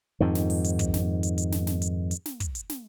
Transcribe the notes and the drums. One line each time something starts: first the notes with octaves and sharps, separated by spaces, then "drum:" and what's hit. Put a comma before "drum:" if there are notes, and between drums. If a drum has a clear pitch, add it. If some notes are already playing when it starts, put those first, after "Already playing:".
F2 G#2 D#3
drum: snare
drum: open hi-hat
drum: hi-hat
drum: kick, hi-hat
drum: snare
drum: hi-hat
drum: hi-hat
drum: snare
drum: snare
drum: hi-hat
drum: hi-hat
drum: snare
drum: kick, hi-hat
drum: hi-hat
drum: snare